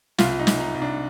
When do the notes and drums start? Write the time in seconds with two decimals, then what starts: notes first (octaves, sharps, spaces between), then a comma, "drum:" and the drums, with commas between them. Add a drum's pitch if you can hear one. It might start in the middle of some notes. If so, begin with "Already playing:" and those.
0.18 C2 F4, drum: snare
0.39 D#4
0.47 C2, drum: snare
0.60 D#4
0.75 C2
0.82 D4